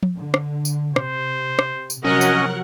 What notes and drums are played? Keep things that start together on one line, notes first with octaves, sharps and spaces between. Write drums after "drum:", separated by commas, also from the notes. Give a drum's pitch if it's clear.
drum: tom F3
D3
drum: rim click
drum: tambourine
C3 C5, drum: rim click
drum: rim click
drum: tambourine
C3 F3 F#3 C#4 A#4 D#5 F#5
drum: tambourine